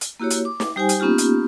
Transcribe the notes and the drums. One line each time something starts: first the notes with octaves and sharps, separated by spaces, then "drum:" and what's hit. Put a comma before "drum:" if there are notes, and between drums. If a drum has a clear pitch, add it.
drum: hi-hat
A#3 E4 F#4 G4 C#5
drum: hi-hat
D6
drum: snare
G3 D#4 G4 C5 G5 G#5
drum: hi-hat
A#3 B3 C#4 D#4 F4 G4
drum: hi-hat